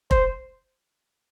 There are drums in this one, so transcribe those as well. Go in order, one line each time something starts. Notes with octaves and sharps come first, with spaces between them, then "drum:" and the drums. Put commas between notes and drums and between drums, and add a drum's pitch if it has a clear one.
C5, drum: kick F1